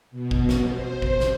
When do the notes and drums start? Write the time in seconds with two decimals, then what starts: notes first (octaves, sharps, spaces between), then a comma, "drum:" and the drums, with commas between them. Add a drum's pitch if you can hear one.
0.11 B2
0.31 drum: kick
0.49 drum: snare
0.67 C5
1.02 drum: kick
1.20 drum: snare